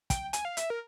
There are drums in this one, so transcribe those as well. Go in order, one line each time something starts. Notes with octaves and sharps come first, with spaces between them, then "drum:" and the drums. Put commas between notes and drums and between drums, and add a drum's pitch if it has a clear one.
G5, drum: kick, hi-hat
G#5, drum: hi-hat
F5
E5, drum: hi-hat
A#4